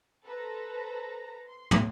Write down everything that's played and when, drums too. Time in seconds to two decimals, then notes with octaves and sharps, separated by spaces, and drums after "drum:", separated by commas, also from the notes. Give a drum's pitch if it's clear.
0.23 A4 B4 C5 A#5
1.47 C6
1.71 drum: tom